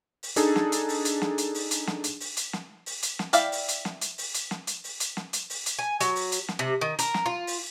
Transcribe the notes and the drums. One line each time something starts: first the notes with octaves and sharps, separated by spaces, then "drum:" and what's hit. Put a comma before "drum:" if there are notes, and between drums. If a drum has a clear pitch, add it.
drum: open hi-hat
D4 D#4 G#4 A4, drum: hi-hat
drum: snare
drum: hi-hat
drum: open hi-hat
drum: hi-hat
drum: snare
drum: hi-hat
drum: open hi-hat
drum: hi-hat
drum: snare
drum: hi-hat
drum: open hi-hat
drum: hi-hat
drum: snare
drum: open hi-hat
drum: hi-hat
drum: snare
E4 D5 E5 F5 G5, drum: hi-hat
drum: open hi-hat
drum: hi-hat
drum: snare
drum: hi-hat
drum: open hi-hat
drum: hi-hat
drum: snare
drum: hi-hat
drum: open hi-hat
drum: hi-hat
drum: snare
drum: hi-hat
drum: open hi-hat
drum: hi-hat
G#5
F#3, drum: hi-hat
drum: open hi-hat
drum: hi-hat
drum: snare
C3
D#3
A#4, drum: hi-hat
drum: snare
F4
drum: open hi-hat